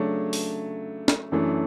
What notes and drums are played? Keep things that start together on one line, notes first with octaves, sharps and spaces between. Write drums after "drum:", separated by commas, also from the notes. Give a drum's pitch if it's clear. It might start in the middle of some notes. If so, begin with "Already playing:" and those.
Already playing: C#3 F#3 A3 D4
drum: open hi-hat
drum: snare
F#2 E3 A3 D4